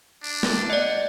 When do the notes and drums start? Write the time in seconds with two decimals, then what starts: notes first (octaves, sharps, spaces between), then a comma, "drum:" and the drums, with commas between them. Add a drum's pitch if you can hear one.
0.23 D4
0.43 drum: snare
0.70 D5 D#5 F#5